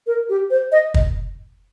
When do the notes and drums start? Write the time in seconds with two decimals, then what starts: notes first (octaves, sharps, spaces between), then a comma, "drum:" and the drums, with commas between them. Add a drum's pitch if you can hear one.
0.07 A#4
0.29 G4
0.50 C5
0.72 D#5
0.94 drum: kick